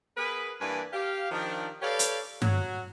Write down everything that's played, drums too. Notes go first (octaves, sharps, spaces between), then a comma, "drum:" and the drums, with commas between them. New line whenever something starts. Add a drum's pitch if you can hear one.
B3 G#4 A#4 B4
G2 E3 A#3 B4 D5 G#5
G4 F5
D#3 F3 D4
G4 A4 B4 C#5 D5 F5
drum: hi-hat
F#3 F#4, drum: tom G2